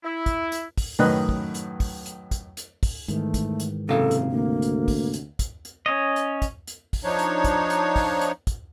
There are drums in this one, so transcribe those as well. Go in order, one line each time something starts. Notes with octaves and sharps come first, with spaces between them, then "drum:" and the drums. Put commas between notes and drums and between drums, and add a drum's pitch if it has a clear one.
E4
drum: kick, hi-hat
drum: hi-hat
drum: kick, open hi-hat
F#2 A2 D#3 B4 D#5 F#6
drum: kick
drum: hi-hat
drum: kick, open hi-hat
drum: hi-hat
drum: kick, hi-hat
drum: hi-hat
drum: kick, open hi-hat
G#2 D#3 E3 A3, drum: hi-hat
drum: kick, hi-hat
drum: hi-hat
F#1 C3 A4 F5
drum: hi-hat
D2 A#3
drum: hi-hat
drum: kick, open hi-hat
drum: hi-hat
drum: kick, hi-hat
drum: hi-hat
C#4 C#5 D#5
drum: hi-hat
drum: kick, hi-hat
drum: hi-hat
drum: kick, open hi-hat
F3 D4 D#4 C#5
drum: hi-hat
drum: kick, hi-hat
drum: hi-hat
drum: kick, open hi-hat
drum: hi-hat
drum: kick, hi-hat